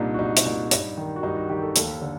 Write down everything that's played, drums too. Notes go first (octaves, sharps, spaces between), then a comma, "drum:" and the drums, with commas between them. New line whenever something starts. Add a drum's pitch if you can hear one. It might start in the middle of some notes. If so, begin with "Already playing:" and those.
Already playing: C2 A#2 D4 D#4
F#4
C2 D#4
drum: hi-hat
A#2
G2, drum: hi-hat
D#3
F#4
G2 D#4
F#4
D#3 G4
A4
D#2 A4, drum: hi-hat
D3